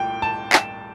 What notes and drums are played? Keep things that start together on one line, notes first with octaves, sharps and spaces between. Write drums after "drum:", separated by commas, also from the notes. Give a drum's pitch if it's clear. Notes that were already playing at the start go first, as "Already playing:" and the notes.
Already playing: C2 A#2 A3 G5
A5
drum: clap